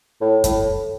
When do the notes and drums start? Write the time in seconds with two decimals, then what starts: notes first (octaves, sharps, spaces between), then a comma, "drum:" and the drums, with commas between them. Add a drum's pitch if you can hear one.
0.21 A2
0.44 A2, drum: kick F#2, hi-hat